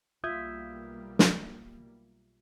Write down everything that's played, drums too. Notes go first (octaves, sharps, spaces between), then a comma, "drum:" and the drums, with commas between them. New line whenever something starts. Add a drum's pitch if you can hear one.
B1 G3 A#3 F4 E5 D#6 G6 G#6
drum: snare